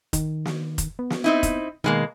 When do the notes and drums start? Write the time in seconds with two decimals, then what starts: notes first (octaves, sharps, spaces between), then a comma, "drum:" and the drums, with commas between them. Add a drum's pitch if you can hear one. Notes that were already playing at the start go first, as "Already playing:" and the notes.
0.13 D#3, drum: kick F1, hi-hat
0.45 drum: snare
0.78 drum: kick F1, hi-hat
0.99 B3
1.10 drum: snare
1.24 C4 D#4 E4
1.43 drum: kick F1, hi-hat
1.84 B2 D#3 G#3 A#3